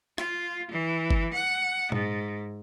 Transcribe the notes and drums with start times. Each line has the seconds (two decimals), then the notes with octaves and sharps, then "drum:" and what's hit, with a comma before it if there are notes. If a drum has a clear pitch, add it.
0.18 F4, drum: rim click
0.71 E3
1.11 drum: kick G1
1.33 F#5
1.92 G#2, drum: tom A#2